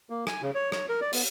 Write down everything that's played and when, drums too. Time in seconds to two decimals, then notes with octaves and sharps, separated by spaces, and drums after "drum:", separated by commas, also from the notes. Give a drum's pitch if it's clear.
0.10 A#3
0.27 G#5, drum: rim click
0.42 C#3
0.55 C#5
0.72 C#5, drum: rim click
0.89 A#4
1.01 D5
1.13 B3, drum: open hi-hat